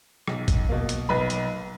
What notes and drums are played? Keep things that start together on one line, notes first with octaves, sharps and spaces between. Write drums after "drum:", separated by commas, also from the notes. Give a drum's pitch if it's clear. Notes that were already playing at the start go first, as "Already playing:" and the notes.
B1, drum: rim click
drum: kick G#1, hi-hat
B2 A#3
drum: hi-hat
B1 B4 B5
drum: hi-hat